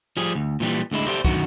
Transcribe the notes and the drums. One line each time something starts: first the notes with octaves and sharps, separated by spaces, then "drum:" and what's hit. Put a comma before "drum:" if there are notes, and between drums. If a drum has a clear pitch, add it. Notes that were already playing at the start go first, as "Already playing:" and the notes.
F3 G3 G#4
D2
A#2 E3 G3
D2 D3 G#3 E4
G4 A4 C5 D5 E5
F#2 D3 D#3 F#4, drum: kick